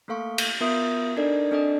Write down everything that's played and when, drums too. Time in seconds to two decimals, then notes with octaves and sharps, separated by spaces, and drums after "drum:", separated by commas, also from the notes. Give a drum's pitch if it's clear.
0.08 A3 A#3 A4 F5 C#6
0.38 drum: cymbal
0.61 B3 F4 A#4 E5 D#6 G6
1.17 D4 D#4 A4 A#4 D5 D#5
1.51 C4 D4 A4 D5 D#5